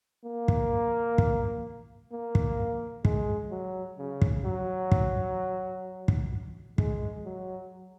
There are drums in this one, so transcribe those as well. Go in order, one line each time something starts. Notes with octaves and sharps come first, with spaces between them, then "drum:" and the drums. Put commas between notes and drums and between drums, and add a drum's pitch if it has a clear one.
A#3
drum: kick
drum: kick
A#3
drum: kick
G#3, drum: kick
F#3
C#3
drum: kick
F#3
drum: kick
drum: kick
G#3, drum: kick
F#3